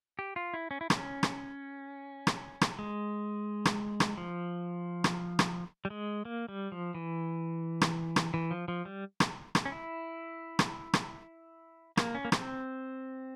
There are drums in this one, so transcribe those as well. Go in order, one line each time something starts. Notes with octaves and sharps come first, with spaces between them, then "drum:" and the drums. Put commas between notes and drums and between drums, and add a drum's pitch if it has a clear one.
G4
F4
E4
C#4
E4
C#4, drum: rim click
drum: rim click
drum: rim click
drum: rim click
G#3
drum: rim click
drum: rim click
F3
drum: rim click
drum: rim click
G3
G#3
A#3
G3
F3
E3
drum: rim click
drum: rim click
E3
F3
F3
G3
drum: rim click
drum: rim click
C#4
E4
drum: rim click
drum: rim click
A#3, drum: rim click
C#4
A#3
C4, drum: rim click